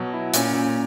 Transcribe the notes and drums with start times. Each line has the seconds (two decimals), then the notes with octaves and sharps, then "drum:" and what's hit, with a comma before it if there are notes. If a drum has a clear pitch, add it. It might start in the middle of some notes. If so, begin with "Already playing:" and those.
Already playing: B2 F#3
0.13 E4
0.34 A#2 C#4, drum: hi-hat
0.54 A#2